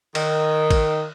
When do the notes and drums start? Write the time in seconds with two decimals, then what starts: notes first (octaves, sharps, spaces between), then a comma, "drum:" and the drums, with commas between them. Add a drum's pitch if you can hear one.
0.15 D#3, drum: cymbal
0.71 drum: kick, cymbal